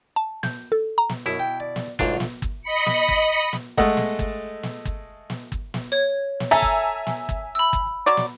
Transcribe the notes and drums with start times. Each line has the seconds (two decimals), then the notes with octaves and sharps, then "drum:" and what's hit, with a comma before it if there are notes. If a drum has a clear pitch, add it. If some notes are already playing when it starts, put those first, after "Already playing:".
0.16 A5
0.43 G6, drum: snare
0.72 A4
0.98 A#5
1.09 drum: snare
1.26 F#2 B2 E4
1.39 G5
1.60 D5
1.76 drum: snare
1.99 B1 G#2 D3 A3 D4 F4, drum: kick
2.20 drum: snare
2.42 drum: kick
2.62 D#5 B5 C#7
2.86 drum: snare
3.08 drum: kick
3.53 drum: snare
3.77 G#3 A3 A4 D#5 F#5, drum: kick
3.97 drum: snare
4.19 drum: kick
4.63 drum: snare
4.85 drum: kick
5.30 drum: snare
5.52 drum: kick
5.74 drum: snare
5.92 C#5 G#6
6.40 drum: snare
6.51 A4 E5 G#5 A#5
6.62 drum: kick
7.07 drum: snare
7.29 drum: kick
7.55 B5 E6
7.73 drum: kick
8.06 F#3 D5
8.17 drum: snare